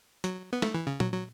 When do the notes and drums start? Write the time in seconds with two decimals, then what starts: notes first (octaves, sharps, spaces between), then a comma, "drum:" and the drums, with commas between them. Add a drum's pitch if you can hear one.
0.24 F#3, drum: hi-hat
0.53 B3
0.62 A3, drum: snare
0.74 E3
0.87 C#3
1.00 F#3, drum: tom
1.12 F#3